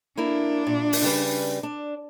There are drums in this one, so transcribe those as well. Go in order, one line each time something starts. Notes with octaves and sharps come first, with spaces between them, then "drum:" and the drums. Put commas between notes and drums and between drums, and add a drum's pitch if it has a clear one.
A#3 D4 E4 A#4
A#2
drum: open hi-hat
C#3 G3 B4
D4